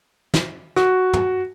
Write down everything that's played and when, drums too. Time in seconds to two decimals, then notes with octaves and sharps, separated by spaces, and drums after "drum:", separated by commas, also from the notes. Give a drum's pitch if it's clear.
0.34 drum: snare
0.76 F#4, drum: rim click
1.13 drum: tom